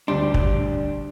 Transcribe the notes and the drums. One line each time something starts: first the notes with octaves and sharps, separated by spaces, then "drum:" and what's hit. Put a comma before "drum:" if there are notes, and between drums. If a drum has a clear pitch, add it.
D2 G3 D4 C6
drum: kick